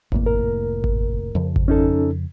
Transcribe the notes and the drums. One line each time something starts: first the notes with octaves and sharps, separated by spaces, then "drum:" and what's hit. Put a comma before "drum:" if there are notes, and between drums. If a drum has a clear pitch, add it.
F1 A2 A#3, drum: kick G#1
A#4
drum: kick G#1
F2 C#3 F3
drum: kick G#1
C#4 D#4 A4